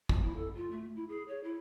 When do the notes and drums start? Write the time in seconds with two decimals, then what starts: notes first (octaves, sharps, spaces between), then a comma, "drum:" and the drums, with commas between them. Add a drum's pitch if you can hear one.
0.09 drum: kick
0.23 E4
0.36 A4
0.55 F4
0.71 A3
0.96 E4
1.09 G#4
1.28 C#5
1.44 E4